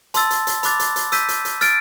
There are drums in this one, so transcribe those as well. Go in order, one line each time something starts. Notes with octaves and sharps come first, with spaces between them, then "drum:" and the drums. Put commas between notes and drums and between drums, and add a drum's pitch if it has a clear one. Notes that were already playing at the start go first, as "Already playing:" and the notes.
A5 C6 E6 A6, drum: hi-hat
drum: hi-hat
drum: hi-hat
B5 D6 F#6 A6, drum: hi-hat
drum: hi-hat
drum: hi-hat
E6 G6 B6 D#7, drum: hi-hat
drum: hi-hat
drum: hi-hat
F6 A6 D7, drum: hi-hat